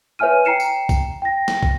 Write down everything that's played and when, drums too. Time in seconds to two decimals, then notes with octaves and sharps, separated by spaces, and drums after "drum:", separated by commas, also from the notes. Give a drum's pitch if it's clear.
0.19 B4 C#5 E5 G#5 F6 D#7
0.45 G5 A#5 C7 C#7 E7
0.60 drum: tambourine
0.89 drum: kick, tambourine
1.22 G5 A#6
1.48 drum: snare
1.63 drum: kick